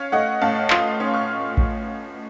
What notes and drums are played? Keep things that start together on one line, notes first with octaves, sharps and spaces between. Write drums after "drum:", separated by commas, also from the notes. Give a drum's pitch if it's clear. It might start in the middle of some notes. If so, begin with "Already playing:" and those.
Already playing: C#4 C#5 F5
A3 D#5 F#5
A2 F5 A5
F4 C6 D#6, drum: clap
C#4
C#6 F6
drum: kick A1